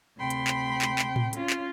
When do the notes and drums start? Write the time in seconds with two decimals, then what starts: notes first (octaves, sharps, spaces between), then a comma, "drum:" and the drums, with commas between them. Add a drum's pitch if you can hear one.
0.18 D2 C3 G5 B5 C6
0.30 drum: hi-hat
0.47 drum: clap
0.82 drum: clap
0.99 drum: clap
1.16 drum: tom A2
1.33 C#4 F4, drum: hi-hat
1.50 drum: clap